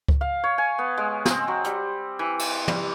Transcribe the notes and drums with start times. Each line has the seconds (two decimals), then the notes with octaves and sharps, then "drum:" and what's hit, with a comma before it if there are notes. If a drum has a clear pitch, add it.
0.08 drum: kick C#2
0.21 F5
0.44 C#5
0.58 G#5
0.78 B3
0.98 G#3
1.25 C4, drum: snare
1.48 F#3
1.64 G3, drum: hi-hat
2.19 E3
2.39 drum: cymbal
2.68 G3, drum: tom